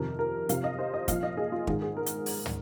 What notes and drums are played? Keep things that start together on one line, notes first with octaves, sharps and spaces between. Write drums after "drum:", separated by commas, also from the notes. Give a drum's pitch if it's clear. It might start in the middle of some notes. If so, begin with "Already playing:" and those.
Already playing: F2 C3 D#3 A#4
A#4
F2 C3 F3 F5, drum: hi-hat
D#5
C5
D#5
A#2 F3 F5, drum: kick, hi-hat
D#5
G#4
F4
G#2 D#3 G#4, drum: kick
G#4
A#4
drum: hi-hat
drum: open hi-hat
drum: tom